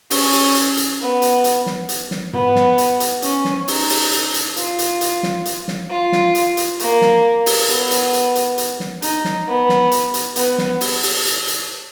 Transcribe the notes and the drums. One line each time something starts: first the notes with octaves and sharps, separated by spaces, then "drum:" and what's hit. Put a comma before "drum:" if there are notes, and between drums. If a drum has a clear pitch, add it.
C#4, drum: open hi-hat
drum: open hi-hat
drum: hi-hat
drum: hi-hat
B3
drum: hi-hat
drum: hi-hat
drum: snare
drum: hi-hat
drum: snare
B3, drum: tom
drum: snare
drum: hi-hat
drum: hi-hat
C#4, drum: hi-hat
drum: snare
D#4, drum: open hi-hat
drum: open hi-hat
drum: hi-hat
drum: hi-hat
F4, drum: hi-hat
drum: hi-hat
drum: hi-hat
drum: snare
drum: hi-hat
drum: snare
F4
drum: snare
drum: hi-hat
drum: hi-hat
A#3, drum: hi-hat
drum: snare
drum: open hi-hat
B3, drum: hi-hat
drum: hi-hat
drum: hi-hat
drum: hi-hat
drum: hi-hat
drum: snare
D#4, drum: hi-hat
drum: snare
B3
drum: snare
drum: hi-hat
drum: hi-hat
B3, drum: hi-hat
drum: snare
drum: open hi-hat
drum: open hi-hat
drum: hi-hat
drum: hi-hat